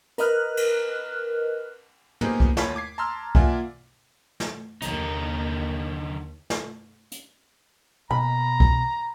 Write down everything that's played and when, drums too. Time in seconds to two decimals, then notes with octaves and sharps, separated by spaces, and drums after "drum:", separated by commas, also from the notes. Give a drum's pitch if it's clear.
0.18 A#4 B4 D#5 F6 F#6, drum: hi-hat
0.57 drum: cymbal
2.21 A#3 B3 D#4 G4 G#4 C5, drum: tom
2.40 drum: kick
2.57 D#2 C#5 F5 A5 B5 B6, drum: snare
2.76 D6 G#6 C7
2.98 A5 A#5 C6 E6 F6
3.35 A#3 F4 D5 E5 F#5 G#5, drum: kick
4.40 drum: snare
4.82 D#2 D3 D#4, drum: hi-hat
6.50 drum: snare
7.12 drum: hi-hat
8.11 B2 A#5 B5
8.60 drum: kick